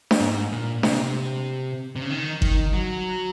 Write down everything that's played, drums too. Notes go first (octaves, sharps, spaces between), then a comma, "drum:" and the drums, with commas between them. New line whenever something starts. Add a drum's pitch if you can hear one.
drum: snare D4
G#2
A#2
C3, drum: snare D4
C3
C#3
D#3
D#3, drum: kick G1
F#3